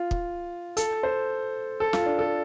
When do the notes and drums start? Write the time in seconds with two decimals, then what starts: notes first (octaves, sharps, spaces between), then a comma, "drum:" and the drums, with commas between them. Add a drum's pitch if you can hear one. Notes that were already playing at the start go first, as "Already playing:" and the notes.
Already playing: F4
0.11 drum: kick
0.77 A4, drum: hi-hat
1.03 C5
1.80 A4
1.93 F4, drum: snare
2.06 D4
2.19 A4